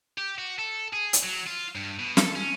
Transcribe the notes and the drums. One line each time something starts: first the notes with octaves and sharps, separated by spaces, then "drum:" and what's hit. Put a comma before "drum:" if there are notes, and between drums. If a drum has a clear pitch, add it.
G4
F#4
A4
G#4
drum: hi-hat
F#3
F4
G2
B2
A4, drum: snare
C#4